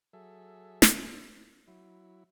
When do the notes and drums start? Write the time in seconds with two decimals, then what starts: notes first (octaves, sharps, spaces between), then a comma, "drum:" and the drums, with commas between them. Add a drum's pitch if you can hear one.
0.13 F#3 G#4 A4 E5
0.82 drum: snare
1.68 F#3 E4